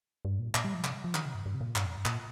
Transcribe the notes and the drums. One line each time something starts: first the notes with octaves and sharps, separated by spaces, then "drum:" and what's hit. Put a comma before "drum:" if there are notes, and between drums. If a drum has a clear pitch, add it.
G2
A#2
A#2, drum: clap
G3
F3
C3, drum: clap
F3
D#3, drum: clap
C3
G2
G2
C3
A#2
G2, drum: clap
F2
G2
A#2, drum: clap